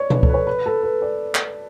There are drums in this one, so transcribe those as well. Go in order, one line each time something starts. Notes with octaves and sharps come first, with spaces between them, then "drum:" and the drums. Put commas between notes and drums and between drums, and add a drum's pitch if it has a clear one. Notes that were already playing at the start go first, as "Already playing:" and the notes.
Already playing: C#5 D5
B4, drum: tom B2
A4, drum: kick C#2
B4
C#5
B4
A4
B4
D5
drum: clap